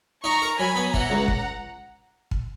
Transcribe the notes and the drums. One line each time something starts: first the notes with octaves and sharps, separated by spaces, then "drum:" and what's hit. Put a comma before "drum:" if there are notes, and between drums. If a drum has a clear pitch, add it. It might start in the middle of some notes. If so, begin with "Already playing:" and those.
D#4 A#5 C#6
A#4
F#3 G#5 B5
B3
E3 F#5 A#5, drum: kick
C#2
drum: kick
drum: kick